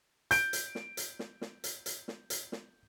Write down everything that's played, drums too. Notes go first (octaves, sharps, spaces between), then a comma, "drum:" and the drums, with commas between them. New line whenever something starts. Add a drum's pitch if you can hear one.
G6 D7, drum: hi-hat
drum: hi-hat
drum: snare
drum: hi-hat
drum: snare
drum: snare
drum: hi-hat
drum: hi-hat
drum: snare
drum: hi-hat
drum: snare